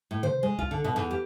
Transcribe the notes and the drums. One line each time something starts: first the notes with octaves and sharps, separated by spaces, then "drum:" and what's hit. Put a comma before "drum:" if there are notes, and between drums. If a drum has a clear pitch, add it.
A2
C5, drum: tom C3
G#3
F4, drum: kick C2
D3
B2
E2
G4